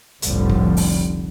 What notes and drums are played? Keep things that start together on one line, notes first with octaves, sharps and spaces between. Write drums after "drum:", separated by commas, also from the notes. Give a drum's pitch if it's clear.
F1 C2 A2 D3 F3 G3, drum: hi-hat
drum: kick
drum: open hi-hat